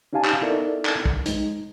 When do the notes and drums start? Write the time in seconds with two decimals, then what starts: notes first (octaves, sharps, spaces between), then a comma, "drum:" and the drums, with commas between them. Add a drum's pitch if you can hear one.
0.13 C#4 D#4 G4 F5 G#5 A5
0.25 drum: clap
0.42 B3 D#4 E4 A4 A#4 D5
0.85 drum: clap
1.06 drum: kick
1.26 G#3 D#4, drum: hi-hat